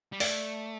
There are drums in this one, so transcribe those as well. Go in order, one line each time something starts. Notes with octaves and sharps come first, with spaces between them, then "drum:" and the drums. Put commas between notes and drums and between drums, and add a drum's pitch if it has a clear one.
G3
A3 D5, drum: open hi-hat